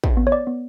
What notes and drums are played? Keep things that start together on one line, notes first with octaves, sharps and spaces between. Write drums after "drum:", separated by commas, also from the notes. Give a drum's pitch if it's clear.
drum: kick
B3
C#5
D5
B3